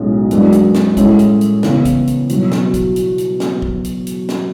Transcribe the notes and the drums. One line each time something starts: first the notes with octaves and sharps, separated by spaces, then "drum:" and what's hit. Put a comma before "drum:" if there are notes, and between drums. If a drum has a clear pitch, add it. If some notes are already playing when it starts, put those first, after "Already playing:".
Already playing: B1 A2 G#3 C#4
F#2 E3 G#3 D4, drum: hi-hat
drum: hi-hat
drum: snare
A2 G#3 C#4 E4, drum: kick, hi-hat
drum: hi-hat
drum: hi-hat
E2 C#3 E3 B3, drum: snare
drum: kick, hi-hat
drum: hi-hat
E2 B2 F#3, drum: hi-hat
drum: snare
drum: kick, hi-hat
drum: hi-hat
drum: hi-hat
drum: snare
drum: kick
drum: hi-hat
drum: hi-hat
drum: snare